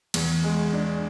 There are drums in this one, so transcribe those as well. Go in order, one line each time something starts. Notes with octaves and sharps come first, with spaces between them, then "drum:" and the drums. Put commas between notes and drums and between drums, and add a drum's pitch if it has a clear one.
E2, drum: cymbal
G#3
D4